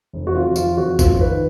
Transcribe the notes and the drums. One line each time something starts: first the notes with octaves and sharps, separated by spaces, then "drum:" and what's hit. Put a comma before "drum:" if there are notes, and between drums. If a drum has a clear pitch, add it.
F1
F#4
F2 F4
F2 F4, drum: tambourine
F2 F#4
F1 F4, drum: kick, tambourine
D#3 B4